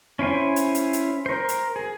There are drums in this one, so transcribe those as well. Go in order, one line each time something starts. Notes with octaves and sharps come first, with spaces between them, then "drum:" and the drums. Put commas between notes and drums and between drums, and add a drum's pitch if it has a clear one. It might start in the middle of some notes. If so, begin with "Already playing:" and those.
C#4 E4 C5 G#5
drum: hi-hat
drum: hi-hat
drum: hi-hat
A#4 C5
drum: hi-hat
G#4